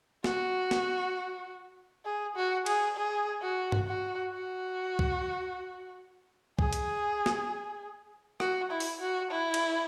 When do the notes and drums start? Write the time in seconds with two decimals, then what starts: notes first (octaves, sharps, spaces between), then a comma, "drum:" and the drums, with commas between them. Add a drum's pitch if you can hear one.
0.24 F#4, drum: snare
0.71 drum: snare
2.05 G#4
2.36 F#4
2.66 G#4, drum: cymbal
2.96 G#4
3.41 F#4
3.72 drum: tom G2
3.87 F#4
4.32 F#4
4.99 drum: kick C2
6.59 G#4, drum: kick C2
6.73 drum: hi-hat
7.26 drum: snare
8.40 F#4, drum: rim click
8.71 E4
8.80 drum: open hi-hat
9.00 F#4
9.31 E4
9.54 drum: cymbal